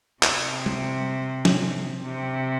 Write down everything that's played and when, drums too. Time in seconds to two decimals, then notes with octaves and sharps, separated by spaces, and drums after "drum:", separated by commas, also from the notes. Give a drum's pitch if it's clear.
0.23 C3, drum: clap
0.66 drum: tom
1.45 drum: snare
2.04 C3